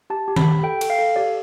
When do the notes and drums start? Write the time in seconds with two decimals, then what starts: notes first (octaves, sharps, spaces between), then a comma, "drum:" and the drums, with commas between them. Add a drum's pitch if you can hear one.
0.10 G4 A5
0.28 G4
0.36 B5, drum: tom D#3
0.45 G4
0.63 A4 G5
0.81 A4, drum: cymbal
0.90 F5
0.99 A4
1.16 G4 D5